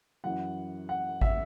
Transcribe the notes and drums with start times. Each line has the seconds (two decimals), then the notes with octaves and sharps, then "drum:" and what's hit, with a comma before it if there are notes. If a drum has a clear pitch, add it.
0.24 F#2 E3 F#5
0.89 F#5
1.21 E5, drum: kick G#1